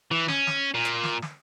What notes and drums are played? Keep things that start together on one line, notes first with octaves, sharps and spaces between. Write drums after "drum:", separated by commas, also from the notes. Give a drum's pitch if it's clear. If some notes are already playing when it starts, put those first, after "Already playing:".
E3
C#4, drum: snare
drum: snare
A#2
drum: hi-hat
drum: snare
drum: snare